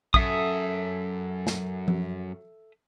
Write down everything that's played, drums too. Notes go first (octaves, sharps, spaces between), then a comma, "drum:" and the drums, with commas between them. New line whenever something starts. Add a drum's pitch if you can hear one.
F#2 A4 E5 D#6, drum: kick
drum: snare
drum: tom F3